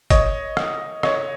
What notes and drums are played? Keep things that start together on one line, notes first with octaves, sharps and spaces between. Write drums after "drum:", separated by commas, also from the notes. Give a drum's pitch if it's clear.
C#5 D#5, drum: kick, hi-hat
drum: rim click
C#5 D#5, drum: rim click